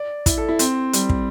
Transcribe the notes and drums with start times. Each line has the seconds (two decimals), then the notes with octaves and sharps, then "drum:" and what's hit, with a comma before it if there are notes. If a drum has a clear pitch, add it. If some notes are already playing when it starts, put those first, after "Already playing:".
Already playing: D5
0.26 E4, drum: kick, hi-hat
0.38 A4
0.48 E4
0.59 C4, drum: hi-hat
0.93 G3, drum: hi-hat
1.10 drum: kick